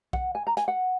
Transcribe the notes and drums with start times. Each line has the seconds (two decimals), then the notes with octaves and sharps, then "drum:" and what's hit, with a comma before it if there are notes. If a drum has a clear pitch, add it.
0.13 F#5, drum: kick B1
0.35 G#5
0.47 A#5
0.57 G#5, drum: hi-hat
0.68 F#5